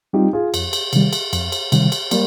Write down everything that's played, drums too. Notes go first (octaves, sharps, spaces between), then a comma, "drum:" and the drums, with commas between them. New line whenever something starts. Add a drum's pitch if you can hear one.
G3 C4 D#4 F4 G4
F4 G#4
F2, drum: cymbal
drum: cymbal
C3 D#3 G3, drum: cymbal
drum: cymbal
F2, drum: cymbal
drum: cymbal
C3 D#3 G3, drum: cymbal
drum: cymbal
G3 A#3, drum: cymbal